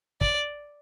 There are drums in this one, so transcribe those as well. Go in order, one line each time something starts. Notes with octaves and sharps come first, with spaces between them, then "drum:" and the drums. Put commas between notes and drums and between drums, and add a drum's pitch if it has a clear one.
D5, drum: kick